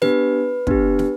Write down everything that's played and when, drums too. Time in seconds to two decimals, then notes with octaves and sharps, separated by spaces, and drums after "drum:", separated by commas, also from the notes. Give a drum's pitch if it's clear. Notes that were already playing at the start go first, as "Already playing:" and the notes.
0.02 B3 D4 G4 B4, drum: snare
0.67 B3 D4 G4, drum: kick
0.99 drum: snare